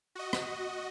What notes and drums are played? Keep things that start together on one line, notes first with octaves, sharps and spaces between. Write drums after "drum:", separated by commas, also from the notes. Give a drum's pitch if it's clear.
F#4 D#5
drum: rim click